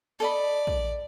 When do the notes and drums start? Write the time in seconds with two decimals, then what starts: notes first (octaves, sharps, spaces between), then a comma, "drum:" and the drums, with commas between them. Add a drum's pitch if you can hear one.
0.20 A4 D5 D#5 B5
0.67 drum: kick